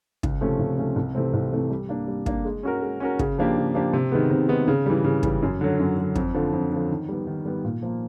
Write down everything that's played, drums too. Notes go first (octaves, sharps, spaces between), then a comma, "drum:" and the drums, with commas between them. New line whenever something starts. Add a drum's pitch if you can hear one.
C#2, drum: kick
C3 F3 A3 C#4
C#2
C3 F3 A3 C#4
C2
C3 E3 A3 C4
C2
C3 E3 A3 C4
G3
A#3 D4
G3
A#3 D4, drum: kick
G#3
C#4 F#4 A#4
G#3
C#4 F#4 A#4
C#3, drum: kick
F3 A#3 D4 G4
C#3
F3 A#3 D4 G4
C3
D#3 G#3 B3
C3
D#3 G#3 B3
C#3
E3 G3
C#3
E3 G3, drum: kick
F#2
D3 F#3
F#2
D3 F#3
F2, drum: kick
D3 F3
F2
D3 F3
D#3
G3 B3
D#3
G3 B3
A#2
F3 A#3